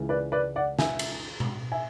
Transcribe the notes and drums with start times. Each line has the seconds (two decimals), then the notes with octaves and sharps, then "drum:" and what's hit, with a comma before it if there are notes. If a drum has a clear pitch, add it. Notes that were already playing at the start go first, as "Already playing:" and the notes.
Already playing: C#2 C#3 E3
0.09 B4 D5
0.32 B4 D5
0.56 D5 F#5
0.79 E5 G#5, drum: snare
0.99 drum: cymbal
1.40 drum: tom B2
1.72 E5 G#5